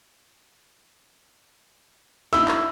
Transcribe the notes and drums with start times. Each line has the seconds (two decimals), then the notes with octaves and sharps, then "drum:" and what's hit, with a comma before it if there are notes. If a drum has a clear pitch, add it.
2.33 D#4 E4 E6, drum: snare
2.48 drum: clap